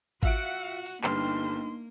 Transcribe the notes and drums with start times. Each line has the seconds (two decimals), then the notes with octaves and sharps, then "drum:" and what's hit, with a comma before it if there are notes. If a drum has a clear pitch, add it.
0.23 F4 F#4 E5 F#5 D7, drum: kick G#1
0.86 drum: open hi-hat
1.04 G1 G3 A#3 D4 D#4 C6 F6, drum: clap